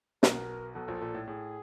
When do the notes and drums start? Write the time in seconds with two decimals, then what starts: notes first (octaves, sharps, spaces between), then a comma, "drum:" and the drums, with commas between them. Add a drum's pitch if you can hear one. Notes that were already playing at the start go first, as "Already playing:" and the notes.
0.23 B1 B2 A#4, drum: snare
0.75 B1 B2 A4
0.88 A#1 A#2
1.01 A#1 A#2
1.15 A2
1.27 A2 G#4